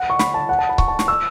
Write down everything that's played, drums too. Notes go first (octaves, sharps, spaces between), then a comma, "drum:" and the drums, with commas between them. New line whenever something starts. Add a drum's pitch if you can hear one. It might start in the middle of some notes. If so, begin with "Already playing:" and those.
Already playing: F#5
C#6
B5, drum: snare
A5
F#5
A5
B5
C#6, drum: kick C#1
A5
C#6, drum: snare
E6